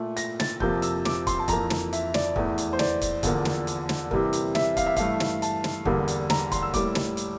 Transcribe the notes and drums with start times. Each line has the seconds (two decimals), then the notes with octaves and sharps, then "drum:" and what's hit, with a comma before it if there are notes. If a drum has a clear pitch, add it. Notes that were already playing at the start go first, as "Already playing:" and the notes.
Already playing: A#2 A3
0.17 A#6, drum: hi-hat
0.40 A6, drum: snare
0.60 F2 C3 F3 A#3 G6, drum: kick
0.82 E6, drum: hi-hat
1.05 D6, drum: snare
1.27 C6, drum: kick, hi-hat
1.39 A5
1.48 F2 E3 A#3 A#5, drum: kick, hi-hat
1.70 drum: snare
1.93 E5, drum: hi-hat
2.14 D5, drum: snare
2.36 E2 E3 A3, drum: kick
2.58 drum: hi-hat
2.73 C5
2.79 D5, drum: snare
3.01 drum: kick, hi-hat
3.23 E2 D3 F3 A#3, drum: kick, hi-hat
3.45 drum: snare
3.67 drum: hi-hat
3.89 drum: snare
4.11 C3 E3 G3 A#3, drum: kick
4.33 drum: hi-hat
4.55 E5, drum: snare
4.77 F5, drum: kick, hi-hat
4.86 E5
4.96 G2 E3 A3 F5, drum: kick, hi-hat
5.20 drum: snare
5.42 A5, drum: hi-hat
5.64 drum: snare
5.85 E2 D3 G3 A#3, drum: kick
6.08 drum: hi-hat
6.30 A#5, drum: snare
6.52 C6, drum: kick, hi-hat
6.63 E6
6.74 A2 G3 A#3 D6, drum: kick, hi-hat
6.95 drum: snare
7.17 drum: hi-hat